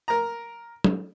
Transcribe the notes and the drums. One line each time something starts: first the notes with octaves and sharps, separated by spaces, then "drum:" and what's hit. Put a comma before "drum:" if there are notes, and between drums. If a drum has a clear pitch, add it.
A#4 A#5
drum: tom